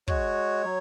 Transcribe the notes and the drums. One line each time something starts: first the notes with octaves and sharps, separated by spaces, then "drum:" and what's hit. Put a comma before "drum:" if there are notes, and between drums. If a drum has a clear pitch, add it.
G#3 F#4 C#5, drum: kick
F#3